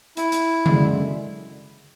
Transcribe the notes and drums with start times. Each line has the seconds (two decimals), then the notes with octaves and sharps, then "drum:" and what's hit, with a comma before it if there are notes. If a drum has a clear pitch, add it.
0.17 E4, drum: hi-hat
0.32 drum: hi-hat
0.66 F#2 D3 G#3, drum: tom C#3